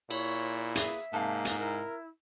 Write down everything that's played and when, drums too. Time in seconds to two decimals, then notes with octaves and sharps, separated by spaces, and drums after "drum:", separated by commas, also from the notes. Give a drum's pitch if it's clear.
0.11 A#2 E4 C#5, drum: cymbal
0.75 A#3 G#4 B4 E5, drum: hi-hat
1.13 G#2 C3 A#3 F5 A5
1.45 drum: hi-hat
1.59 E4 A#4